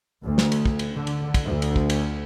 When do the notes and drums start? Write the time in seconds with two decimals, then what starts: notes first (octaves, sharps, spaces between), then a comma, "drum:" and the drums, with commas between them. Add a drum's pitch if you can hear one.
0.24 D2
0.38 drum: snare
0.52 drum: cymbal
0.66 drum: kick
0.79 drum: cymbal
0.93 D3
1.07 drum: cymbal
1.34 drum: kick, cymbal
1.44 D2
1.62 drum: cymbal
1.76 drum: kick
1.90 drum: cymbal